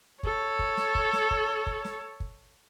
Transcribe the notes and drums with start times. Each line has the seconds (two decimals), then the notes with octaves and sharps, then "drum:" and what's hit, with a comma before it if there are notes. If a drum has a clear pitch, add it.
0.23 A4 C#5, drum: kick
0.59 drum: kick
0.77 drum: snare
0.95 drum: kick
1.13 drum: snare
1.31 drum: kick
1.67 drum: kick
1.84 drum: snare
2.20 drum: kick